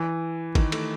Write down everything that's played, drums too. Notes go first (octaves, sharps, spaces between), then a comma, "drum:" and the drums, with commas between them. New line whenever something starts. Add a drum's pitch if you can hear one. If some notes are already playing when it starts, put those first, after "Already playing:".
Already playing: E3
D#3, drum: kick G#1, cymbal
A3, drum: cymbal